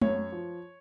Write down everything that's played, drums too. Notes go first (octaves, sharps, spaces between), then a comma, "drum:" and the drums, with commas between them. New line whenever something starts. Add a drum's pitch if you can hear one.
F#2 C#5, drum: tom
F3